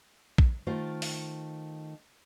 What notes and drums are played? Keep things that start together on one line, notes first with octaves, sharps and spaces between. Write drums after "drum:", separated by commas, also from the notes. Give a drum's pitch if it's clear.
drum: kick A#1
D#3 A3 F4 C5
drum: open hi-hat